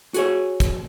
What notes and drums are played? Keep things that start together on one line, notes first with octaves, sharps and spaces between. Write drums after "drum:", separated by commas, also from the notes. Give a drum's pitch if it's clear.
F#4 G#4 C#5, drum: hi-hat
drum: kick, hi-hat